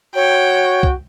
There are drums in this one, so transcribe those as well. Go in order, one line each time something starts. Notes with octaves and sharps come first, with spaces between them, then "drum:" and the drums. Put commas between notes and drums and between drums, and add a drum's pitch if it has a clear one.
F#4 C#5 G5
drum: kick C2